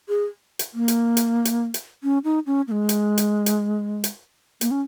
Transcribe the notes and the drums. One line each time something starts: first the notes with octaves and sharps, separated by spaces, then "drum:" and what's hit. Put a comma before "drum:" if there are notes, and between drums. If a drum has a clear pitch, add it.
G#4
drum: hi-hat
A#3
drum: hi-hat
drum: hi-hat
drum: hi-hat
drum: hi-hat
C#4
D#4
C#4
A#3
G#3
drum: hi-hat
drum: hi-hat
drum: hi-hat
drum: hi-hat
A#3, drum: hi-hat
C#4